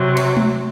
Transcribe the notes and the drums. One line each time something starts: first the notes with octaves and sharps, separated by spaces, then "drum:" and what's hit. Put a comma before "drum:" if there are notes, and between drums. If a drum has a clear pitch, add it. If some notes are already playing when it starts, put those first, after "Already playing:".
Already playing: C3 F#3
drum: cymbal
drum: tom G#3